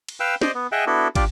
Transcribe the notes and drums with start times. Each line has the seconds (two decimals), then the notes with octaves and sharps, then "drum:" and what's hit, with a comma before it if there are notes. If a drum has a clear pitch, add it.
0.09 drum: cymbal
0.20 B4 F5 G5 E6
0.41 C5 D5 D#5, drum: snare
0.55 B3
0.72 G#4 D#5 E5 F#5 G5
0.87 B3 D4 E4 F#4 A4
1.15 D4 F4 G4 D5, drum: kick, cymbal